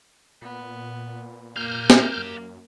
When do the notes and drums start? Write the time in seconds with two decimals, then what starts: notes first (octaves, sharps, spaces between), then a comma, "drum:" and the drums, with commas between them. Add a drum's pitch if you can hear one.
0.42 A#2 B3
1.56 A#3 G4 F5 F6 G6
1.90 drum: snare
2.17 F#2